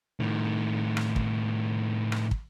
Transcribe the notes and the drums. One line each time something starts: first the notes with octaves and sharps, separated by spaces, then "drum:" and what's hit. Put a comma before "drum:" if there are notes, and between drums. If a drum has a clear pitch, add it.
A2 D#3
drum: rim click
drum: kick
drum: rim click
drum: kick